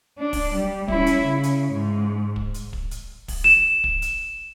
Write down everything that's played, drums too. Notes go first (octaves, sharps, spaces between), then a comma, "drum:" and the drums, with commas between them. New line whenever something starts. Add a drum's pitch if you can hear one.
D4
drum: kick, open hi-hat
G3
C#4 E4, drum: kick
drum: hi-hat
C#3
drum: hi-hat
G#2
drum: kick
drum: hi-hat
drum: kick
drum: hi-hat
drum: kick, open hi-hat
E7
drum: kick
drum: hi-hat